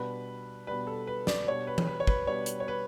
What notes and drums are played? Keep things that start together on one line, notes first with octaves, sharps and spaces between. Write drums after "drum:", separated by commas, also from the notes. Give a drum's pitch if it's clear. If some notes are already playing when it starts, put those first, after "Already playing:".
Already playing: B2 G3 D4 B4
B2 G3 D4 B4
A4
B4
D5, drum: snare
B2 G3 D4 C#5
B4
drum: tom E3
B4
C#5
B4, drum: kick
B2 G3 D4 C#5
drum: hi-hat
C#5
B4